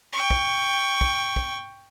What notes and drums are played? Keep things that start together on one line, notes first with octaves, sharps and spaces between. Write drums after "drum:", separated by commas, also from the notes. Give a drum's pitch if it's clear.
G5 C#6
drum: kick
drum: kick
drum: kick